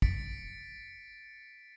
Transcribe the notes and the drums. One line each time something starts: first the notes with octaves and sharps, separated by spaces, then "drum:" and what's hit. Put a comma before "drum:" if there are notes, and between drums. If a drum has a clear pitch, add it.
A6 B6 C#7 D7, drum: kick